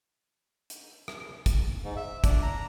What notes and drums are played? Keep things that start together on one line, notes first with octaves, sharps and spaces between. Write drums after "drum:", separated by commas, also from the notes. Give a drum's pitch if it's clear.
drum: hi-hat
drum: rim click
drum: kick, hi-hat
G#2
E5
D4, drum: kick, hi-hat
A#5